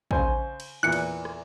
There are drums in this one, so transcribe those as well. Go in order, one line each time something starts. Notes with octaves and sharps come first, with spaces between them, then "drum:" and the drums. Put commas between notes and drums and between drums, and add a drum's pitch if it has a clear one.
C#3 C5 G#5, drum: kick
drum: cymbal
E2 A#2 F#6 C#7
drum: cymbal
drum: rim click